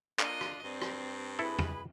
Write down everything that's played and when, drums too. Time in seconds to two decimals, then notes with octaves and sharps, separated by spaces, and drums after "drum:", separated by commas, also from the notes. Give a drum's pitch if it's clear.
0.19 A#3 D4 F4 D#5 F#6, drum: clap
0.41 drum: rim click
0.64 G2 C4 D5
0.82 drum: rim click
1.39 E4 G#4 A4 B4 B5
1.59 drum: tom E2